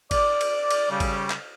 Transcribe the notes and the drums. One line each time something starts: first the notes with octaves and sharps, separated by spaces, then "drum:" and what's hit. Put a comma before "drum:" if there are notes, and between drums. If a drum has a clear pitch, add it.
D5, drum: kick, cymbal
drum: cymbal
drum: cymbal
C#3 G3
drum: kick, cymbal
drum: clap